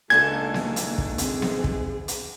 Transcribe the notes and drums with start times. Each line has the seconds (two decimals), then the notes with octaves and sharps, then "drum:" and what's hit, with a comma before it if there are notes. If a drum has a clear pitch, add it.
0.10 C#2 A#3 D4 D#4 F#4 A4 G#5 G#6
0.54 drum: snare B3
0.76 drum: hi-hat
0.98 drum: kick
1.18 C4 G#4, drum: hi-hat
1.42 drum: snare B3
1.64 drum: kick
2.08 drum: hi-hat